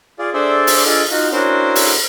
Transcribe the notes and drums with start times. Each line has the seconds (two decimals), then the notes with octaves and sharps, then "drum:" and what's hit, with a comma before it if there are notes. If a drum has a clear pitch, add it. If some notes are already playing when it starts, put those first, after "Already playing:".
0.19 F4 G#4 D5
0.33 D4 G#4 A4 C5 D5 E5
0.67 drum: open hi-hat
0.86 D4 F4 G#4 A4 D5 D#5
1.11 D#4 F4 F#4
1.32 C#4 D4 E4 F#4 A#4 C5
1.75 drum: open hi-hat